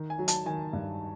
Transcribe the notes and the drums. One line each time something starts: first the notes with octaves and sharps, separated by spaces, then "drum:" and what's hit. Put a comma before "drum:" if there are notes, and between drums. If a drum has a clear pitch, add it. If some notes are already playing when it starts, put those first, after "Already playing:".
Already playing: D#3
G#5
F#3
A5, drum: hi-hat
D#3 G#5
G2